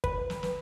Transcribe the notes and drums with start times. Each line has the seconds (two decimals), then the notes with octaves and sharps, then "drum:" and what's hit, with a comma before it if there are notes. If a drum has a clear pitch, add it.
0.04 B4, drum: kick
0.30 drum: snare
0.43 drum: snare